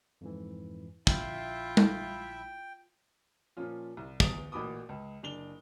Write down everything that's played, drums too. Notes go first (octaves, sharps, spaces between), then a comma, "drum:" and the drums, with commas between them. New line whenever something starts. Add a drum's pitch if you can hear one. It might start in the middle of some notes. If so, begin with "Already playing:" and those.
F2 G#2 E3
A#1 E4 F4 E5 G5 C7, drum: kick
drum: tom G3
A#2 F3 C#4 F4
C2
E2 D#6 A6 D7 F7 G7, drum: kick
A1 A#2 F#4 B5 D6 D#6
C#2
F#1 D4 F7 G7